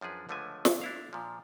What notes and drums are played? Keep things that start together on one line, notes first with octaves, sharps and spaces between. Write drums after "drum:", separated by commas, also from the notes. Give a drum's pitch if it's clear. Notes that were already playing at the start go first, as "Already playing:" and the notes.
F#2 F3 D4 G#4 B4
C#2 D3 F3 A3 E5 G#5
drum: snare
D4 E4 F5
A#2 F3